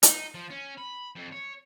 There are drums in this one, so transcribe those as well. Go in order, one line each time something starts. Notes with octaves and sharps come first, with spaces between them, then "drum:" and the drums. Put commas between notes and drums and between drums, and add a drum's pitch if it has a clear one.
D#4, drum: hi-hat
F3
C#4
B5
F2
C#5